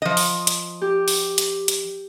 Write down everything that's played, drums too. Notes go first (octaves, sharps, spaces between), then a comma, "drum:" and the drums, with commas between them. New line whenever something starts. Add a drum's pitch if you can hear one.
F3 D#5
drum: open hi-hat
drum: hi-hat
G4
drum: open hi-hat
drum: hi-hat
drum: hi-hat